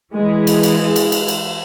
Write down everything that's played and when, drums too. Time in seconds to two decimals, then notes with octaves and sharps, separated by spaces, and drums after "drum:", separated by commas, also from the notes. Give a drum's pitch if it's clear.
0.14 E3 G#3
0.47 drum: cymbal
0.63 drum: cymbal
0.96 drum: cymbal
1.12 drum: cymbal
1.28 drum: cymbal